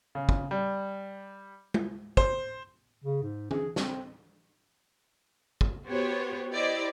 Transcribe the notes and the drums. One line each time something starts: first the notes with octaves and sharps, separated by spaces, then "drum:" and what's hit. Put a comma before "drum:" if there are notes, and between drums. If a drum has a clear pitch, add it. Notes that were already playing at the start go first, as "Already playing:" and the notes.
C#3
drum: kick
G3
drum: tom G#3
C5, drum: kick
C#3
G#2
G#4, drum: tom
C4, drum: snare
drum: kick
B3 F#4 G4 C5 C#5
E4 G4 C5 D5 D#5